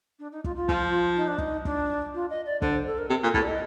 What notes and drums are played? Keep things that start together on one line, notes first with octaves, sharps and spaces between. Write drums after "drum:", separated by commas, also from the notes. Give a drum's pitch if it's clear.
D4
D#4
F4, drum: kick
F4
F3, drum: kick
D#4
D4
D#4, drum: kick
D4, drum: kick
F4
D#5
D5
D3 C5, drum: kick
C5
A4
A#4
C3 A4
A#4
A#2 A4
A2 G4, drum: kick
D5
D#5